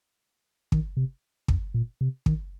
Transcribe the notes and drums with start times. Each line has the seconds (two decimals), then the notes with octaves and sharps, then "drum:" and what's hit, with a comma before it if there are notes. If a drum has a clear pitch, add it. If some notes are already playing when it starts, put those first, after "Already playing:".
0.72 D#3, drum: kick
0.97 C3
1.48 F2, drum: kick
1.74 A#2
2.01 C3
2.26 D#3, drum: kick